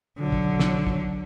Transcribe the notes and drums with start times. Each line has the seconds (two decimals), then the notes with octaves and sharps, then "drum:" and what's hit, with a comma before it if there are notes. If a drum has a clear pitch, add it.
0.19 B1 D3 F#3
0.32 drum: kick
0.60 drum: snare
0.87 drum: kick